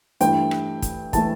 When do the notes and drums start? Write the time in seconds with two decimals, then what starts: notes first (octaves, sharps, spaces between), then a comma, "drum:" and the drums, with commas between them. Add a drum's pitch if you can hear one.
0.20 G2 E3 A3 E4 G5, drum: hi-hat
0.51 drum: rim click
0.82 drum: kick, hi-hat
1.13 E3 A3 E4 A5, drum: kick, hi-hat